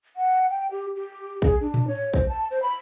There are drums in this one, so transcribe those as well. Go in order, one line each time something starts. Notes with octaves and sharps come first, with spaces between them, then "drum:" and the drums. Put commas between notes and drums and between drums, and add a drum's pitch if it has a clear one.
F#5
G5
G4
G4
G#4, drum: kick
D4
drum: tom A2
C#5
C5, drum: kick
A5
C5
B5